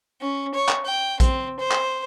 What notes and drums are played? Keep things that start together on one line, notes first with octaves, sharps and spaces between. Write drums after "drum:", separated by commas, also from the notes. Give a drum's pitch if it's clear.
C#4
C#5
drum: clap
G5
C4, drum: kick A#1, hi-hat
C5
drum: clap